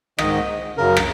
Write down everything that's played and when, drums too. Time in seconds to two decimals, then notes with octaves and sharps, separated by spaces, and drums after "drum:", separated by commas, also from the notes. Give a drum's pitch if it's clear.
0.18 G#2 D#3 D#5, drum: rim click
0.77 F#2 C#3 A#4
0.97 drum: rim click